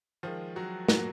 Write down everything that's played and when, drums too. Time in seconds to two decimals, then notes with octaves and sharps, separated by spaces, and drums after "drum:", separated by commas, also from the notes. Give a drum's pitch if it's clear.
0.23 D#3 F3 G#3 F4
0.56 F#3 F#4
0.88 A#2 F#3 A#3 F#4, drum: snare